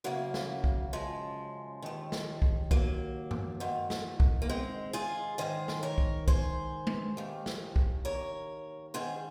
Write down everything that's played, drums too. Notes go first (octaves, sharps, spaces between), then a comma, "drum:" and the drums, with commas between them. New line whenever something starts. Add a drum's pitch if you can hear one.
F#2 C#3 F#3 A#3
drum: snare
drum: kick
F3 G#3
D#2 D#3
drum: snare
drum: kick
F#3 A#3, drum: kick
drum: tom F#2
G#2 D#3
drum: snare
drum: kick
A#3
G#3 C4
F4 G#4
G#2 D#3 G#4 C5
drum: snare
A#4 C#5
drum: kick
G#4 C5, drum: kick
drum: tom G#3
D#2 D#3
drum: snare
drum: kick
A#4 C#5
G#2 D#3 G#4 C5